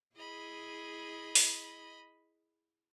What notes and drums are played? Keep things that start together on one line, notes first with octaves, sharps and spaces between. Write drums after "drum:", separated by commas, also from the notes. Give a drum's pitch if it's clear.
E4 G#4 D#5 B5
drum: open hi-hat